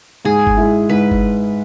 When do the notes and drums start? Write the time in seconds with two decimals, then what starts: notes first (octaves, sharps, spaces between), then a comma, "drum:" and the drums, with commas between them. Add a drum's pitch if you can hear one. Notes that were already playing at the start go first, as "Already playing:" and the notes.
0.25 G#2 G#4
0.47 drum: kick G1
0.57 G#3 E4
0.89 G#2 B4
1.11 drum: kick G1